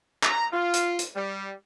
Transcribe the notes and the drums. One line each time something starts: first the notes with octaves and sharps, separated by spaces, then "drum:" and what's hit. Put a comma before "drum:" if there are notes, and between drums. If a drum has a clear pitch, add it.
A#5, drum: clap
F4
drum: hi-hat
drum: hi-hat
G3